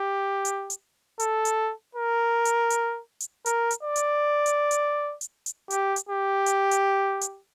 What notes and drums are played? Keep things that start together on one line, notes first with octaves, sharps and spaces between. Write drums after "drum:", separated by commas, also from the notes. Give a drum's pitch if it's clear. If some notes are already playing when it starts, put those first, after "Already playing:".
Already playing: G4
drum: hi-hat
drum: hi-hat
A4, drum: hi-hat
drum: hi-hat
A#4
drum: hi-hat
drum: hi-hat
drum: hi-hat
A#4, drum: hi-hat
drum: hi-hat
D5
drum: hi-hat
drum: hi-hat
drum: hi-hat
drum: hi-hat
drum: hi-hat
G4, drum: hi-hat
drum: hi-hat
G4
drum: hi-hat
drum: hi-hat
drum: hi-hat